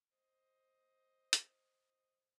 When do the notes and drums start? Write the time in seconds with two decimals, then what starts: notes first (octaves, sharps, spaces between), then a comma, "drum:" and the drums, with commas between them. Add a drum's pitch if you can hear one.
0.14 C5 D#5
1.33 drum: hi-hat